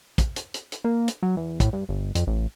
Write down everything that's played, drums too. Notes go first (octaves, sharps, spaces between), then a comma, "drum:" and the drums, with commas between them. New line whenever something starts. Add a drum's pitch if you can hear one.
drum: kick, hi-hat
drum: hi-hat
drum: hi-hat
drum: hi-hat
A#3
drum: hi-hat
F#3
E2
A2, drum: kick, hi-hat
G2
G1
F2, drum: hi-hat
A1